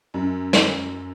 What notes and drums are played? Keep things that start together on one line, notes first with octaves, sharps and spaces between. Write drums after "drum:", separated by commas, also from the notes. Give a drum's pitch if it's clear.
F#2
drum: snare